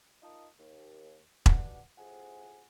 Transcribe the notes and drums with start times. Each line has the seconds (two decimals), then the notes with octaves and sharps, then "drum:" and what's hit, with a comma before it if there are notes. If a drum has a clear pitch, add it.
0.23 A#2 D#4 F4 D#5 A5 D#6
0.59 D#2
1.46 B2 G3 D4 F#5, drum: kick E1
1.98 A2 C3 F3 G#4 F#5 G#5